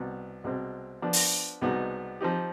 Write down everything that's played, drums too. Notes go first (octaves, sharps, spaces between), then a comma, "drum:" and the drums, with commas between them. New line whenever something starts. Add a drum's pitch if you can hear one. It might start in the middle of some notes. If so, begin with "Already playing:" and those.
Already playing: C2 B2 B3
C2 B2 G#3 C4
F3 B3 D4
drum: open hi-hat
C2 B2 G#3 B3 D#4
F3 C4 D#4 G4